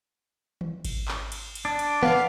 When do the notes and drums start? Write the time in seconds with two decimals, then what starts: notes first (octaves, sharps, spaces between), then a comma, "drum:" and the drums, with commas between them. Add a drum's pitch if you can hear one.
0.61 drum: tom D#3
0.85 drum: kick G#1, cymbal
1.08 drum: clap
1.32 drum: cymbal
1.55 drum: cymbal
1.65 D4
1.79 drum: cymbal
2.03 B3 F5, drum: tom D#3